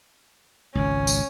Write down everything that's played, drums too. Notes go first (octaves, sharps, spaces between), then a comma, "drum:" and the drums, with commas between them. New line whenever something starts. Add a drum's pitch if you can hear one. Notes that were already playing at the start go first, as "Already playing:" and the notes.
G#1 C#2 C#4
drum: tambourine